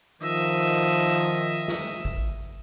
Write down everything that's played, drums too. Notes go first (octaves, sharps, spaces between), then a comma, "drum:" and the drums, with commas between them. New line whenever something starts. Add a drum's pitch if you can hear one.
D#3 F3 D#5 E5, drum: tambourine
drum: tambourine
drum: tambourine
drum: snare
drum: kick G#1, tambourine
drum: tambourine